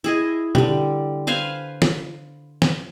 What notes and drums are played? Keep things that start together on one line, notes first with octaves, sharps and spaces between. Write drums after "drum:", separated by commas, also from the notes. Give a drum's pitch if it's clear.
E4 G#4 D#5
D3 G3, drum: tom B2
B4 C5 F5 G#5
drum: snare
drum: snare